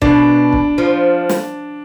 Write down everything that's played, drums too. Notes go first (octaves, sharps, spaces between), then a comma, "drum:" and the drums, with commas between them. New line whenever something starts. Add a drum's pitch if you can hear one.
B2 D4, drum: kick
drum: kick
F3
drum: snare